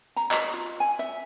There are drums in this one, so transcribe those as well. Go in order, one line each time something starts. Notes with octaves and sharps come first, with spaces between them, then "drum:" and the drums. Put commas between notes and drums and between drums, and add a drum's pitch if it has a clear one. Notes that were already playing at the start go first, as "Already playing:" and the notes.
A#5, drum: hi-hat
D#5, drum: clap
drum: hi-hat
F4
G#5
E5, drum: hi-hat